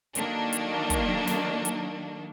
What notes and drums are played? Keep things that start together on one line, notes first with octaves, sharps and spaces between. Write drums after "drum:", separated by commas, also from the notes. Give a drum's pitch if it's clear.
D#3 F#3 A#3 D4 A4, drum: hi-hat
drum: hi-hat
drum: kick, hi-hat
drum: snare
drum: hi-hat